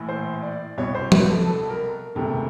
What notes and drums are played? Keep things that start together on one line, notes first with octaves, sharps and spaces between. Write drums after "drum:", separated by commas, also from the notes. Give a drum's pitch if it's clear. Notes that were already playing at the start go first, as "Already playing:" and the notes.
Already playing: A#1 A2 E3
C5
D5
C2 B2 C#5
C5
B4, drum: tom F3
A4
A4
A#4
E1 D2 C3 D#3 A4